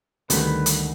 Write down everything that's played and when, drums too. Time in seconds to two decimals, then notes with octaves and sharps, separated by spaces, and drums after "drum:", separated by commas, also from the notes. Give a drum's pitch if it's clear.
0.30 D2 D3 D#3 G3 B4 B5, drum: hi-hat
0.66 drum: hi-hat